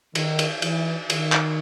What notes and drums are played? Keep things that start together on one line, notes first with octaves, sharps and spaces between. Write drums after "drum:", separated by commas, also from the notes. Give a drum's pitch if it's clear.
D#3, drum: cymbal
drum: cymbal
E3, drum: cymbal
D#3, drum: cymbal
drum: clap